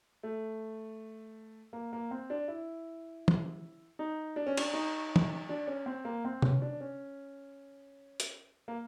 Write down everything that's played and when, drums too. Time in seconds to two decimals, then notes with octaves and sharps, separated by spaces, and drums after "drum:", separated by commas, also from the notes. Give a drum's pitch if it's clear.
0.23 A3
1.73 A#3
1.93 A#3
2.11 C4
2.30 D4
2.48 E4
3.28 drum: tom E3
3.99 D#4
4.36 D4
4.47 C#4
4.57 D4, drum: cymbal
4.74 D#4
5.16 drum: tom E3
5.49 D4
5.68 C#4
5.86 C4
6.05 A#3
6.25 C4
6.42 C#4, drum: tom
6.62 D4
6.81 C#4
8.20 drum: hi-hat
8.68 A#3